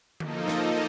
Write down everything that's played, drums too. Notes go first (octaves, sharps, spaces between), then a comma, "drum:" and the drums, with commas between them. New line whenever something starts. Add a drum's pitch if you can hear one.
F3 A#3 D#4 A4 D#5, drum: tom D3
drum: snare